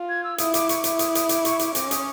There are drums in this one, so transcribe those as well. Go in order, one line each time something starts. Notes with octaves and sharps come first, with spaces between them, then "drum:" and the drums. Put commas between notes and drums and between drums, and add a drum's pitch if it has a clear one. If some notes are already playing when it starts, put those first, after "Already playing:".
Already playing: F4
G#6
E6
E4 D#6, drum: hi-hat
D6, drum: hi-hat
C#6, drum: hi-hat
E4 D6, drum: hi-hat
D#6, drum: hi-hat
D#6, drum: hi-hat
D6, drum: hi-hat
C#6, drum: hi-hat
D6, drum: hi-hat
C#4 D6, drum: hi-hat
D#6, drum: hi-hat